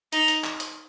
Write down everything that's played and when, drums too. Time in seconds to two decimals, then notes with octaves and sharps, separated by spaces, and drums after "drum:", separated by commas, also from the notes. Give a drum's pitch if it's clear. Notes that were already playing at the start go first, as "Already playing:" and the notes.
0.13 D#4, drum: hi-hat
0.28 drum: hi-hat
0.44 drum: clap
0.60 drum: hi-hat